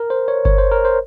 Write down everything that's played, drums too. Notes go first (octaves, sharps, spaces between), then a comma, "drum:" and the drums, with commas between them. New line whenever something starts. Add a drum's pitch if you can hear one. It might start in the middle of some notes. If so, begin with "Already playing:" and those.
Already playing: A#4
C5
C#5
C#5, drum: kick G1
C5
A#4
C5